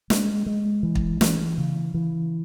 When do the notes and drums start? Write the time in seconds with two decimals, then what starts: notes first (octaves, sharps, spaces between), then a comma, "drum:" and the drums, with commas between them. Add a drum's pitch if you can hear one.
0.10 G#3, drum: snare
0.46 G#3
0.83 E3
0.95 drum: kick
1.21 E3, drum: snare
1.58 C#3
1.94 E3